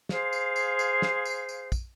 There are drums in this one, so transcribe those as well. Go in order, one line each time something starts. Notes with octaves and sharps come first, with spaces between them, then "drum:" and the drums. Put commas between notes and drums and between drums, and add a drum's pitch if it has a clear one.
G#4 C5 F5, drum: snare
drum: tambourine
drum: tambourine
drum: tambourine
drum: snare
drum: tambourine
drum: tambourine
drum: kick, tambourine